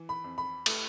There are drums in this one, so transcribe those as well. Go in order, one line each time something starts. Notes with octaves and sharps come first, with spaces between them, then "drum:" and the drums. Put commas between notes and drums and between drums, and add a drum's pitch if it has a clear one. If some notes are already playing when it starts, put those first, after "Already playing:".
Already playing: E3
B5
F2
B5
A3, drum: cymbal